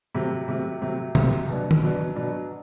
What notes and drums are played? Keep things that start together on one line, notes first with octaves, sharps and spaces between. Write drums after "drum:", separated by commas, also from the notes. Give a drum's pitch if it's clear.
C3 F#3 A3
C3 F#3 A3
C3 F#3 A3
C3 F#3 A3, drum: tom
B2 F#3 B3 D4
drum: tom
B2 F#3 B3 D4
B2 F#3 B3 D4